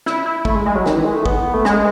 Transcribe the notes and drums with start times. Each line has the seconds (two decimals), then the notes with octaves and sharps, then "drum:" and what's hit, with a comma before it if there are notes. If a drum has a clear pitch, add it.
0.06 E4, drum: snare
0.26 E4
0.45 A3, drum: kick
0.55 G#3
0.66 G#3
0.75 F#3
0.86 D#3, drum: snare
0.96 E3
1.05 G#3
1.15 A3
1.26 B3, drum: kick
1.54 A3
1.65 G#3, drum: snare